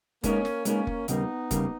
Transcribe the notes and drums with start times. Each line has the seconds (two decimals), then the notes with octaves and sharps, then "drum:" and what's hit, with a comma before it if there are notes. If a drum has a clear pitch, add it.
0.24 G#3 A#3 B3 C#4 D#4 A#4, drum: kick F1, hi-hat
0.45 drum: snare
0.65 G#3 A#3 B3 C#4 D#4 A#4, drum: hi-hat
0.87 drum: kick F1
1.08 D#2 C#3 G3 A#3 B3 D#4, drum: hi-hat
1.51 D#2 C#3 G3 A#3, drum: kick F1, hi-hat